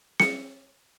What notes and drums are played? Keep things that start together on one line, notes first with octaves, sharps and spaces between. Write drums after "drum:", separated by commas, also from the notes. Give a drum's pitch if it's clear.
C#7, drum: snare